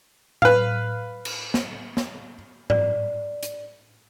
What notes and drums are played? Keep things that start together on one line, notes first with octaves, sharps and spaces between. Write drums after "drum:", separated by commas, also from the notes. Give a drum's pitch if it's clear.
B4 F5, drum: tom A2
drum: cymbal
drum: snare
drum: snare
D5, drum: tom G#2
drum: hi-hat